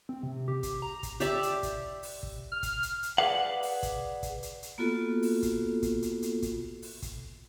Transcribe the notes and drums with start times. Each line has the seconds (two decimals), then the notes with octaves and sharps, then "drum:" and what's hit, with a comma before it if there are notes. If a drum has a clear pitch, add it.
0.09 C4
0.23 C3
0.48 G4
0.63 drum: kick, hi-hat
0.82 A#5
1.03 drum: kick, hi-hat
1.20 G4 D5 E5, drum: hi-hat
1.43 drum: hi-hat
1.63 drum: kick, hi-hat
2.03 drum: open hi-hat
2.23 drum: kick
2.52 F6
2.63 drum: kick, hi-hat
2.83 drum: hi-hat
3.03 drum: hi-hat
3.18 G#4 B4 D5 F5 F#5
3.63 drum: open hi-hat
3.83 drum: kick, hi-hat
4.23 drum: kick, hi-hat
4.43 drum: hi-hat
4.63 drum: hi-hat
4.78 A#3 B3 F4 F#4 A4
5.23 drum: open hi-hat
5.43 drum: kick, hi-hat
5.82 drum: kick, hi-hat
6.02 drum: hi-hat
6.22 drum: hi-hat
6.42 drum: kick, hi-hat
6.82 drum: open hi-hat
7.02 drum: kick, hi-hat